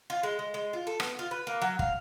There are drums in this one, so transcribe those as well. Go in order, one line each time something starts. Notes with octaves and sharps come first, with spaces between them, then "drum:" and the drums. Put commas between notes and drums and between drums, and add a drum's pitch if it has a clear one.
F4
G#3
G#3
G#3
F4
A4
B3, drum: rim click
F4
B4
A#3
F#3
F5, drum: kick